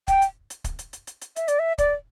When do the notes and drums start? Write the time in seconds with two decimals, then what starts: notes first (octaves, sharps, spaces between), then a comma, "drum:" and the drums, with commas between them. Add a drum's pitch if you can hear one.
0.08 G5, drum: kick, hi-hat
0.22 drum: hi-hat
0.50 drum: hi-hat
0.64 drum: kick, hi-hat
0.79 drum: hi-hat
0.93 drum: hi-hat
1.07 drum: hi-hat
1.21 drum: hi-hat
1.36 E5, drum: hi-hat
1.48 D5, drum: hi-hat
1.59 E5
1.78 D5, drum: kick, hi-hat